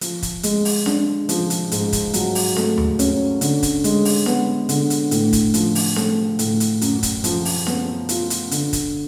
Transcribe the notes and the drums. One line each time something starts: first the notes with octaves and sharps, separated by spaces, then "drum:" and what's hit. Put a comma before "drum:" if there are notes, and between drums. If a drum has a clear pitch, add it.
F3, drum: hi-hat
drum: kick, hi-hat
G#3, drum: hi-hat
drum: open hi-hat
D4, drum: snare C4
F3, drum: hi-hat
drum: hi-hat
G#2, drum: hi-hat
drum: kick, hi-hat
F#3, drum: hi-hat
drum: open hi-hat
A3, drum: snare C4
drum: tom D#2
C#4, drum: hi-hat
D3, drum: hi-hat
drum: kick, hi-hat
G#3, drum: hi-hat
drum: open hi-hat
B3, drum: snare C4
D3, drum: hi-hat
drum: hi-hat
A2, drum: hi-hat
drum: kick, hi-hat
F3, drum: hi-hat
drum: open hi-hat
A3, drum: snare C4
A2, drum: hi-hat
drum: hi-hat
F#2, drum: hi-hat
drum: kick, hi-hat
F3, drum: hi-hat
drum: open hi-hat
B3, drum: snare C4
F4, drum: hi-hat
drum: hi-hat
D3, drum: hi-hat
drum: kick, hi-hat